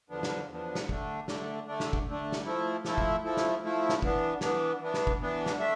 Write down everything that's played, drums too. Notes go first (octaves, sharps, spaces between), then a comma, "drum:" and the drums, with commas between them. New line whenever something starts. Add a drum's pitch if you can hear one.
E2 D3 F3 B3 D4
drum: snare
E2 D3 F3 B3 D4
drum: snare
D3 A3 D4, drum: kick
D3 A3 D4, drum: snare
D3 A3 D4
drum: snare
drum: kick
D3 A3 D4
drum: snare
F3 A3 E4
F3 A3 E4, drum: snare
drum: kick
F3 A3 E4
drum: snare
F3 A3 E4
drum: snare
E3 B3 D4, drum: kick
E3 B3 D4, drum: snare
E3 B3 D4
drum: snare
drum: kick
E3 B3 D4
drum: snare
A3 D4 E5